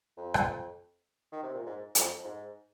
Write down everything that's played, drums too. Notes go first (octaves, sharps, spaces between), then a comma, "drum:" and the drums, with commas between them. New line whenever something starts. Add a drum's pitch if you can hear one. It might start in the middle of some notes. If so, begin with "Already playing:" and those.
F2
drum: rim click
D#3
C3
A#2
G#2
F2, drum: hi-hat
F2
G#2